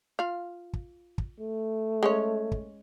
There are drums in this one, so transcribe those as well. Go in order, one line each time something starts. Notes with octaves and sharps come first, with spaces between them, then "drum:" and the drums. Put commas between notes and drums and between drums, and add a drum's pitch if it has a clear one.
F4 F5
drum: kick
drum: kick
A3
G#3 C#4 C#5
drum: kick